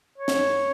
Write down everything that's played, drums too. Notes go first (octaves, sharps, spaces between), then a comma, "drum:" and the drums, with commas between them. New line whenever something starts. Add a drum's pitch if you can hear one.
C#5
drum: snare